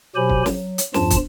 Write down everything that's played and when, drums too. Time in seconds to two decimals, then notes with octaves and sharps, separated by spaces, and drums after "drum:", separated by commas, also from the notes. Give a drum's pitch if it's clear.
0.16 B2 F#3 G4 C5 G#5 B5
0.29 drum: kick
0.46 F#3, drum: snare
0.78 drum: hi-hat
0.94 E2 G2 F3 F4 A5, drum: snare
1.10 drum: kick, hi-hat